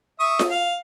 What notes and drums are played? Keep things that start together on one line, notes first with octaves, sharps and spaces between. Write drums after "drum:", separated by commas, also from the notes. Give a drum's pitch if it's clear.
E5 C#6 D#6
drum: snare F4
F5